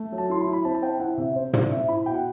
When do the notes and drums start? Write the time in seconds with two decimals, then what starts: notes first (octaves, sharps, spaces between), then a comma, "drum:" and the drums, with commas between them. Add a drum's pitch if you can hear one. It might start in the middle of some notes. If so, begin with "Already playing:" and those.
Already playing: A3
0.12 F#3
0.18 A5
0.29 E4 C6
0.41 B5
0.47 E4
0.53 B5
0.65 C4 A5
0.75 A5
0.82 C4 G5
1.00 E4 F#5
1.17 C3 E5
1.36 C4 C5
1.53 C4 D5, drum: tom
1.71 C4 E5
1.88 E4 B5
2.06 B2 G5
2.14 F#5